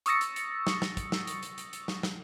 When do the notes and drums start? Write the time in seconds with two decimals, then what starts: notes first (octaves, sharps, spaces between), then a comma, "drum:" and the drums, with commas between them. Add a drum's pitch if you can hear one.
0.06 C#6 D#6 E6 A6 A#6 C#7, drum: hi-hat
0.21 drum: hi-hat
0.36 drum: hi-hat
0.67 drum: snare
0.82 drum: snare
0.97 drum: kick, hi-hat
1.12 drum: snare
1.27 drum: hi-hat
1.43 drum: hi-hat
1.58 drum: hi-hat
1.73 drum: hi-hat
1.88 drum: snare
2.03 drum: snare